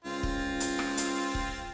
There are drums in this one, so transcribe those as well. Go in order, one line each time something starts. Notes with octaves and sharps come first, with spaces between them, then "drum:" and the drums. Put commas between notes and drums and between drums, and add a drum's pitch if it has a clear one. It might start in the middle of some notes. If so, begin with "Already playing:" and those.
C#2 C4 F4
drum: kick
drum: hi-hat
drum: rim click
drum: hi-hat
drum: kick